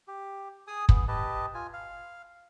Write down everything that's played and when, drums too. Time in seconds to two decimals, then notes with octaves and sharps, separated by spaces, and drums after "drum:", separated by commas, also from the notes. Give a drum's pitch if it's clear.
0.08 G4
0.67 G#4 G#5 D#6
0.89 B3 G#4, drum: kick
1.08 G4 B4 D#5 A5
1.54 F4 G#5
1.73 F5